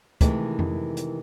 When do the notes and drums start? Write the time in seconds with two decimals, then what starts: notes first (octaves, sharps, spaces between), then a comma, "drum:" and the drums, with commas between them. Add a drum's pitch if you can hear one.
0.21 C3 D#3 E3 G#3 A3, drum: kick, hi-hat
0.59 drum: tom F2
0.97 drum: hi-hat